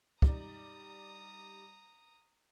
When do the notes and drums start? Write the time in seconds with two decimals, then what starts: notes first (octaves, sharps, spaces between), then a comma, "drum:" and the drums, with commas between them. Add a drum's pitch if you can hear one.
0.22 G3 D#4 D5 A#5 D#6, drum: kick